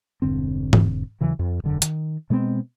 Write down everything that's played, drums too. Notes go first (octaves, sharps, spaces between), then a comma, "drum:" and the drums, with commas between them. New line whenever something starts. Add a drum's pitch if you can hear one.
E1 G2 D3 C4
drum: tom G#2
D#2 C#3 E3 F#3
F2
E1 F#2 D3
D#3, drum: hi-hat
B2 G#3 B3 C4